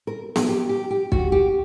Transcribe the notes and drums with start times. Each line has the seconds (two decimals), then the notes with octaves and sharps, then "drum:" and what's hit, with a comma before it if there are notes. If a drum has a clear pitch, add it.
0.07 A#4
0.36 A#4, drum: snare B3
0.49 G4
0.69 G4
0.90 G4
1.12 F#4, drum: kick
1.32 G4